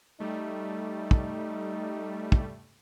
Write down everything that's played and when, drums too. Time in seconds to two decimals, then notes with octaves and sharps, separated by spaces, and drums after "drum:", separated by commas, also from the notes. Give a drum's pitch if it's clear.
0.20 G3 A3 D#4
1.11 drum: kick
2.32 drum: kick